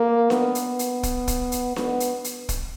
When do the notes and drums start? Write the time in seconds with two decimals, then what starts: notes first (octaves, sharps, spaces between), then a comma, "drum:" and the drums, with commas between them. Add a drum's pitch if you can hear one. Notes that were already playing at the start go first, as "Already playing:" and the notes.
Already playing: A#3
0.30 B3, drum: snare D4
0.55 drum: hi-hat
0.79 drum: hi-hat
1.03 drum: kick, hi-hat
1.28 drum: kick, hi-hat
1.52 drum: hi-hat
1.76 B3, drum: snare D4
2.00 drum: hi-hat
2.24 drum: hi-hat
2.49 drum: kick, hi-hat